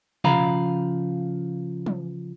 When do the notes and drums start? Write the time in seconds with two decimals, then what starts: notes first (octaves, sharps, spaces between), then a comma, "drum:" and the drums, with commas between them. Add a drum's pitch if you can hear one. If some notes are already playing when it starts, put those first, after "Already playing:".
0.24 C#3 F3 F5 A#5 B5, drum: tom
1.86 drum: tom